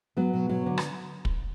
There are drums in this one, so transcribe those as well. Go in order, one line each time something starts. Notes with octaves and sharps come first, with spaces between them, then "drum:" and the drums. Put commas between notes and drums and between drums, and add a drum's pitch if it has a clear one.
F#3 B3
B2
F#3
D3
drum: rim click
drum: kick